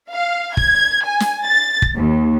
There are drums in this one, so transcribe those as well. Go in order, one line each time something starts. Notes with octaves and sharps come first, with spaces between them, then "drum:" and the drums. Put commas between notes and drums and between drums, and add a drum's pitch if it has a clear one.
F5
G#6, drum: kick
G#5
drum: snare
A6
drum: kick
D#2